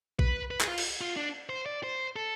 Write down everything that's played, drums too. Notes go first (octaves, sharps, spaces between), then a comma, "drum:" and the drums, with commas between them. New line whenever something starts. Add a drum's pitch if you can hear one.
B4, drum: kick A#1
B4
G#4, drum: clap
F4
drum: cymbal
F4
D4
C5
D5
C5
A4